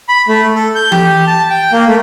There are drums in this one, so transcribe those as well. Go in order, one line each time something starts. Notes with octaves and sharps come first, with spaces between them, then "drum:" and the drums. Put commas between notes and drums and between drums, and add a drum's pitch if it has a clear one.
B5
A3
A4
G6
G4, drum: tom E3
A5
G5
A#3
A3